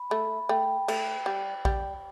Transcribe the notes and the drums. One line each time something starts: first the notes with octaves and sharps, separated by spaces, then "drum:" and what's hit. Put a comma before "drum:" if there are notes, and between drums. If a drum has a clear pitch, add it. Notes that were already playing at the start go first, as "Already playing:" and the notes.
Already playing: B5
A3 B5
A3 G5
A3, drum: cymbal
G3
G3, drum: kick A#1